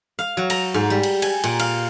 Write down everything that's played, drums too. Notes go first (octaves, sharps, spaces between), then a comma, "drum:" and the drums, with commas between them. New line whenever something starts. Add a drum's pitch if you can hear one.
F5
F#3
A#5, drum: cymbal
G#2
G3
drum: cymbal
G#5, drum: cymbal
A#2, drum: cymbal
F5, drum: cymbal